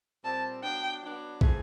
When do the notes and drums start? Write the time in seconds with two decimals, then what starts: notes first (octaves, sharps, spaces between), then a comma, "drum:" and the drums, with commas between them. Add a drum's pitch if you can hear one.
0.24 A#2 G3 C4 A5
0.63 F#3 B3 D4 G5
1.02 F#3 B3 D4
1.41 E3 A3 C4 F4 G#4, drum: kick